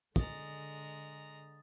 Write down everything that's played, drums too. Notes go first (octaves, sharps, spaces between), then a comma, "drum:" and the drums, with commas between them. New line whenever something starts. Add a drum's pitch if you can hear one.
D3 G#3 A#5 D#6 A6, drum: kick